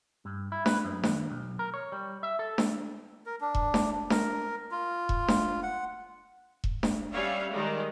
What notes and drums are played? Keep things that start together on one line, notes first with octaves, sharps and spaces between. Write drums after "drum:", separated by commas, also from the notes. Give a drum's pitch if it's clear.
G2
E4
B4, drum: snare D4
F#2
D#2, drum: snare D4
B1
A#4
C#5
G3
E5
A4
drum: snare D4
A#4
D4
drum: kick E1
drum: snare D4
A#4, drum: snare D4
F4
drum: kick E1
drum: snare D4
F#5
drum: kick E1
drum: snare D4
G3 C#4 B4 C#5 E5 F5
D#3 G3 G#3